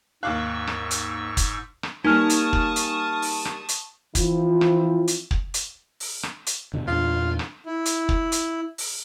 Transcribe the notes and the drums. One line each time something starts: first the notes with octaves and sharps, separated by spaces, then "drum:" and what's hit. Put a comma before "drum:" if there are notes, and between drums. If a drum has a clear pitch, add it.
D#2 G#2 F5 C#6 D6 E6 F#6
drum: rim click
drum: hi-hat
drum: kick, hi-hat
drum: rim click
G3 A#3 D#4 G#5 A5 C#6 D#6 F6
drum: hi-hat
drum: kick
drum: hi-hat
drum: open hi-hat
drum: rim click
drum: hi-hat
E3 F3 C4 E4 F4, drum: kick, hi-hat
drum: rim click
drum: hi-hat
drum: kick
drum: hi-hat
drum: open hi-hat
drum: rim click
drum: hi-hat
G2 B2 D3
E2 A#2 D4 F4
drum: rim click
E4
drum: hi-hat
drum: kick
drum: hi-hat
drum: open hi-hat